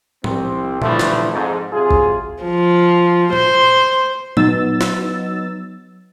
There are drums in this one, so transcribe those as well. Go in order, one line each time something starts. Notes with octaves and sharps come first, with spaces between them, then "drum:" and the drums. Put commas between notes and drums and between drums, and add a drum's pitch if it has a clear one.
C2 C4, drum: tom
D3 E3 F3 G3 A3 E4, drum: tom A#2
drum: snare
F2 G#2
C3 F#3 F4 G#4
drum: kick G#1
F3
C5, drum: tom A#2
F#3 B3 D#4 E6 A6, drum: tom A#2
drum: snare